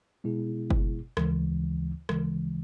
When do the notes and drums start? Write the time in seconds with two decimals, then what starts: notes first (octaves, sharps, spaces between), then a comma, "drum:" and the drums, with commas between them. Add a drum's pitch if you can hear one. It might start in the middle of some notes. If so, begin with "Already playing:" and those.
0.24 B2 G#3 B3 E4 G#4
0.70 drum: kick F#1
1.17 D2 C#3 E3 G#3, drum: rim click
2.09 D2 C#3 E3 G#3, drum: rim click